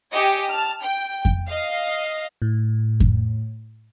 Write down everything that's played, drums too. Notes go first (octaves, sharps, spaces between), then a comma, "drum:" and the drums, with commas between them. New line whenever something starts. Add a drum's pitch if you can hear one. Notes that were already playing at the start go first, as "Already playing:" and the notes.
G4 D#5 G#5 C#7
A5 F6
G5
drum: kick F2
D#5 F5
A2
drum: kick F2